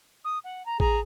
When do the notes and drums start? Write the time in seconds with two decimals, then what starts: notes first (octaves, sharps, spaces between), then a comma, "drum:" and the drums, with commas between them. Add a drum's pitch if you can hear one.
0.24 D#6
0.44 F#5
0.65 A#5
0.80 G#4 A#5, drum: kick A1